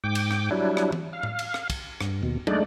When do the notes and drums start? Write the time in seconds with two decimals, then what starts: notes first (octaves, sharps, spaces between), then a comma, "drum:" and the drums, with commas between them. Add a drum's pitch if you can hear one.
0.04 G#2 G5 D6
0.15 drum: cymbal
0.31 drum: rim click
0.51 F#3 G3 D4 E4
0.77 drum: rim click
0.92 drum: tom E3
1.13 F5
1.23 drum: tom A2
1.39 drum: cymbal
1.54 drum: rim click
1.70 drum: kick, cymbal
2.01 G2, drum: rim click
2.23 D#2 B2
2.47 G#3 A3 D4 D#4 D5, drum: tom